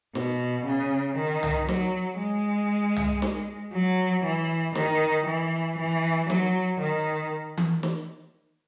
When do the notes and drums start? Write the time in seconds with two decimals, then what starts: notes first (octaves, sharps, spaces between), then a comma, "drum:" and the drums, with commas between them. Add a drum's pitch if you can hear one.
0.15 B2, drum: snare
0.66 C#3
1.17 D#3
1.43 drum: tom
1.68 F#3, drum: snare
2.19 G#3
2.96 drum: tom
3.22 drum: snare
3.73 F#3
4.24 E3
4.75 D#3, drum: snare
5.27 E3
5.78 E3
6.30 F#3, drum: snare
6.80 D#3
7.57 drum: tom E3
7.83 drum: snare